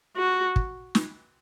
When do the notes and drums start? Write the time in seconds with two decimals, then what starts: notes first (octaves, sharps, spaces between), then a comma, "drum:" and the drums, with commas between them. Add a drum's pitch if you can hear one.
0.17 F#4
0.56 drum: kick
0.95 drum: snare